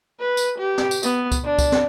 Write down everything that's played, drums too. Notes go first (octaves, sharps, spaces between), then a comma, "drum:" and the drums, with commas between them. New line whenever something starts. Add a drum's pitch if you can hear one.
B4
drum: tambourine
G4
drum: snare
drum: tambourine
B3, drum: tambourine
drum: kick C#2, tambourine
D4
drum: kick C#2, tambourine
drum: snare